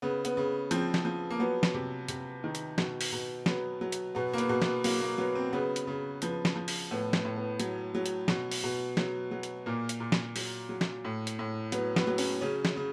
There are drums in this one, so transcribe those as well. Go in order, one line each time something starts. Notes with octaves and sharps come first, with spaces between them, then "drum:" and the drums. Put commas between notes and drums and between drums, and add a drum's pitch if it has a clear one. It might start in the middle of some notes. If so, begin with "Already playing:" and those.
C#3 B3
B3, drum: hi-hat
C#3
F3 C4, drum: hi-hat
drum: snare
F3
A#3
F#3 B3
drum: snare
C3
C3, drum: hi-hat
D#3
drum: hi-hat
B2, drum: snare
drum: open hi-hat
B2
F#3 B3, drum: snare
F#3
drum: hi-hat
B2 B3
A#3
B3, drum: hi-hat
B2
B3, drum: snare
F#3 A#3, drum: open hi-hat
A#3
F#3 B3
C4
C#3 B3
drum: hi-hat
C#3
F3 B3, drum: hi-hat
drum: snare
F3
drum: open hi-hat
A2 B3
B3, drum: snare
A2
B3
F#3, drum: hi-hat
F#3
drum: hi-hat
B2, drum: snare
drum: open hi-hat
B2
F#3, drum: snare
F#3
drum: hi-hat
A#2 A#3
drum: hi-hat
A#2
drum: snare
F#3, drum: open hi-hat
F#3
drum: snare
A2
drum: hi-hat
A2
F#3 B3, drum: hi-hat
B3, drum: snare
F#3
C#4, drum: open hi-hat
C#3 C#4
drum: snare
C#3